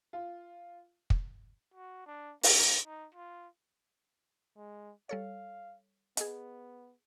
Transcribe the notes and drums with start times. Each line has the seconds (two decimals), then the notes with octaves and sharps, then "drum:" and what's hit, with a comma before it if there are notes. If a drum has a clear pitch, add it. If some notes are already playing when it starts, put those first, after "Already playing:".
0.13 F4
1.10 drum: kick
1.74 F#4
2.06 D4
2.43 A#3, drum: open hi-hat
2.86 D#4
3.15 F4
4.57 G#3
5.09 G3 A4 C#5 F5
6.17 B3 G#4 D#5, drum: hi-hat